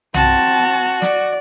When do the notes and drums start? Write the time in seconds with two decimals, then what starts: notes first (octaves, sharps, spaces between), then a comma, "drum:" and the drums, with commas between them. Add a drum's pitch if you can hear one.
0.14 C4 F#4 A5, drum: tom B1
1.02 D5, drum: snare